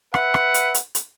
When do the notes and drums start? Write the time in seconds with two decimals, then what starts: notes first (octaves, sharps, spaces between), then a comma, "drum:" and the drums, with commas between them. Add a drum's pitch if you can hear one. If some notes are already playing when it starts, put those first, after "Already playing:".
0.14 B4 E5 F#5, drum: rim click
0.34 drum: rim click
0.54 drum: hi-hat
0.74 drum: hi-hat
0.95 drum: hi-hat